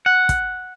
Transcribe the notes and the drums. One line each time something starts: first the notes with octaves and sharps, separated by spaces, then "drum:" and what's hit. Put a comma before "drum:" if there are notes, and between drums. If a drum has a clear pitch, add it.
F#5
drum: kick, hi-hat